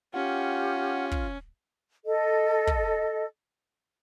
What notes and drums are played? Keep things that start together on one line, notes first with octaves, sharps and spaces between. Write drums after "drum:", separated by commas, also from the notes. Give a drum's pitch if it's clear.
C#4 F4 G4 F#5
drum: kick
A4 D#5
drum: kick